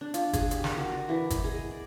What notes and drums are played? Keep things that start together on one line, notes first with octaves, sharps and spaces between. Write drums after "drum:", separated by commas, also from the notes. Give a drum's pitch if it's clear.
D4
F4, drum: hi-hat
G#4, drum: kick G1, hi-hat
G4, drum: hi-hat
A#4, drum: snare
F#4
D5
E3
D#5, drum: kick G1, hi-hat
G#4
D5